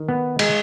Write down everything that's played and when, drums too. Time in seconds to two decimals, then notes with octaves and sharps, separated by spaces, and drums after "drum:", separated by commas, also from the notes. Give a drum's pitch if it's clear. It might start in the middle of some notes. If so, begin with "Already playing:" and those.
Already playing: D#3
0.09 B3
0.39 G#3, drum: cymbal